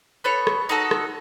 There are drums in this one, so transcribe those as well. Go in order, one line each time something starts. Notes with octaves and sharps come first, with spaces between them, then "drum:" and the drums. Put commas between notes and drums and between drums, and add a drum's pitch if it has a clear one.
B3 A4 C#5
drum: rim click
D#4 F#4 A4
drum: rim click